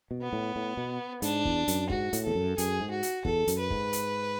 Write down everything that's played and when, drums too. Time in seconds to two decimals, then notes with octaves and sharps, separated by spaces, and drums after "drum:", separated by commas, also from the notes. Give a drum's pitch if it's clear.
0.11 B2
0.21 B3
0.33 A2
0.56 A2
0.77 B2
1.22 G#2 D4, drum: hi-hat
1.45 E2, drum: kick
1.68 F#2, drum: hi-hat
1.90 G#2 F#4, drum: kick
2.13 A2, drum: hi-hat
2.24 E2 A4
2.35 F#2
2.58 F#2 G#4, drum: hi-hat
2.80 G#2
2.91 F#4
3.03 drum: hi-hat
3.25 E2 A4, drum: kick
3.48 F#2, drum: hi-hat
3.59 B4
3.70 G#2, drum: kick
3.93 drum: hi-hat